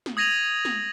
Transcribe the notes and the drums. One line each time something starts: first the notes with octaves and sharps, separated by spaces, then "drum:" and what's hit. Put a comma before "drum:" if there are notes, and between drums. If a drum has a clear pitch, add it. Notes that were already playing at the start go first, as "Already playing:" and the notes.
drum: snare
D#6 G#6 A#6 D#7 F7 F#7
drum: snare